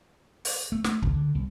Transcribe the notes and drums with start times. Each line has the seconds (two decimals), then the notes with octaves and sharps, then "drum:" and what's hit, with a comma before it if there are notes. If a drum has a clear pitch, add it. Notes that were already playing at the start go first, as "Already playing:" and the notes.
0.45 drum: open hi-hat
0.72 A3
0.84 A3, drum: snare
1.02 C#2, drum: kick
1.13 D3
1.35 C2